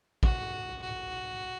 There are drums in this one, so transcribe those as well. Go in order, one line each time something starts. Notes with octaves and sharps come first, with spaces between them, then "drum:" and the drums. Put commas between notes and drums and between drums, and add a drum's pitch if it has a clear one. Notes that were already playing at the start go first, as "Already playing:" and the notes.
F#4, drum: kick A1
F#4